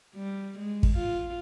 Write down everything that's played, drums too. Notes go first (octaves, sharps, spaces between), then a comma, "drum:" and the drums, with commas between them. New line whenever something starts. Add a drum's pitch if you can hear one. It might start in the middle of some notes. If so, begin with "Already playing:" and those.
G3
G#3
drum: kick
F4